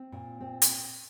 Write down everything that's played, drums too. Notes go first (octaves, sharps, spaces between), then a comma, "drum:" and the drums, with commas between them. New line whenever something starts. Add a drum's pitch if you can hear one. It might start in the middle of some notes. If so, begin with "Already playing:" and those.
Already playing: C4
A#2
C4
drum: hi-hat